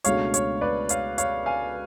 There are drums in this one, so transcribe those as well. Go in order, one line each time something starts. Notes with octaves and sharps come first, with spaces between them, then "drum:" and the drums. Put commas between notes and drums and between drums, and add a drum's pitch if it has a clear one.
C#2 B2 A3 D4 F#4 C#5 F5, drum: hi-hat
C#5, drum: hi-hat
B4 D5
C#5 F5, drum: hi-hat
C#5 F5, drum: hi-hat
F5 G#5